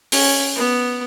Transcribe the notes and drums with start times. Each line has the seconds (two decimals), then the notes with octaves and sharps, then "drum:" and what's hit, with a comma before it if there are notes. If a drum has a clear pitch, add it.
0.12 C#4, drum: open hi-hat
0.55 B3